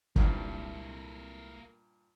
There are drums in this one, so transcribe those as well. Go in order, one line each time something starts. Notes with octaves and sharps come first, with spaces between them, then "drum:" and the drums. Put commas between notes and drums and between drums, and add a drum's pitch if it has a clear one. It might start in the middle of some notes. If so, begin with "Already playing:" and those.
C2 G2 A#2 D#3 A#3 A4, drum: kick